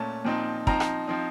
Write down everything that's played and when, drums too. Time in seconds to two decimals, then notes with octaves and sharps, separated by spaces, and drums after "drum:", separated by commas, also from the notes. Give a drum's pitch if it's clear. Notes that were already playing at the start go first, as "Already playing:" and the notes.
Already playing: A#2 A3 C#4 A5
0.24 A#2 F3 C4 D#4
0.67 F3 C4 D#4 A#5, drum: kick
0.80 drum: rim click
1.08 F3 C4 D#4